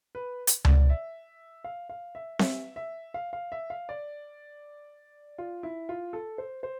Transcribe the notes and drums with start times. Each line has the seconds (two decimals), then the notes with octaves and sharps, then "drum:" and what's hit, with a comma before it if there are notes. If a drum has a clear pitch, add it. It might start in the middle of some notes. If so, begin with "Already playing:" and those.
0.15 B4
0.47 drum: hi-hat
0.65 D5, drum: tom C#2
0.90 E5
1.64 F5
1.89 F5
2.15 E5
2.39 E5, drum: snare C4
2.76 E5
3.14 F5
3.33 F5
3.52 E5
3.70 F5
3.89 D5
5.38 F4
5.63 E4
5.89 F4
6.13 A4
6.38 C5
6.63 C5